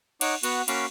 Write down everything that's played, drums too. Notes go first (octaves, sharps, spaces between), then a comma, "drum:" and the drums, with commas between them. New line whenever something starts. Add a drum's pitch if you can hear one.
D#4 C#5 F#5 D6, drum: cymbal
B3 F#4 F#5, drum: cymbal
A#3 C#4 F#4 F5 B5 D6, drum: cymbal